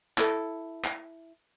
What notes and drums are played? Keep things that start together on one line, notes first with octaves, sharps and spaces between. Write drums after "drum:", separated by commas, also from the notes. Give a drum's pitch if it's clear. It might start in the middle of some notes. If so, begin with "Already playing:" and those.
E4 A4, drum: clap
drum: clap